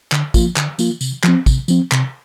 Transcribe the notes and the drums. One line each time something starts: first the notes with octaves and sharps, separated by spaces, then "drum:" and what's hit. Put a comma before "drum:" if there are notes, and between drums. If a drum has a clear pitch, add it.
D3, drum: clap
F3 A#3 F4, drum: kick, tambourine
D3, drum: clap
F3 A#3 F4, drum: tambourine
C3, drum: tambourine
F3 C4, drum: clap
C3, drum: kick, tambourine
F3 C4, drum: tambourine
C3, drum: clap